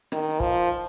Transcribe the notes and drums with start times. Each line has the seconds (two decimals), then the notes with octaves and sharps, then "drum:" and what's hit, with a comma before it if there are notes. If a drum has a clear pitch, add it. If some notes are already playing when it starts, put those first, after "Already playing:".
0.12 D#3, drum: rim click
0.40 F3, drum: kick